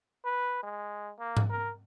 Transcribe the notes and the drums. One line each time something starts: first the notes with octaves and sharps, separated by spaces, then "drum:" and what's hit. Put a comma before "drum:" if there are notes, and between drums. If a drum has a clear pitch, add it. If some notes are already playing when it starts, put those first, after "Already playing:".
B4
G#3
A#3
drum: tom G#2
A#4